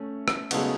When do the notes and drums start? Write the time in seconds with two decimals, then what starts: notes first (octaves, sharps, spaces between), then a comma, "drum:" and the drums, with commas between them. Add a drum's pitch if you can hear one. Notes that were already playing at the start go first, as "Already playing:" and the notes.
Already playing: A3 C#4
0.28 drum: rim click
0.51 C#3 F#3 G#3 A3 B3 E4 G#4, drum: cymbal